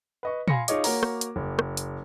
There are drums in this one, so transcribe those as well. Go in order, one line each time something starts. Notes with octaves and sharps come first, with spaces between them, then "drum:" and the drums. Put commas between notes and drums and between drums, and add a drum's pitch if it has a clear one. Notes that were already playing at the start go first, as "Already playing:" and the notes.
B4 D#5 C#6
F5 G#5 B5 C6 A#6 C#7, drum: tom
D#4 F4 G#4 C#5 D#5 D6, drum: hi-hat
A#3 F#4 A#4 C#5 A#5, drum: open hi-hat
drum: rim click
drum: hi-hat
F#1
drum: rim click
drum: hi-hat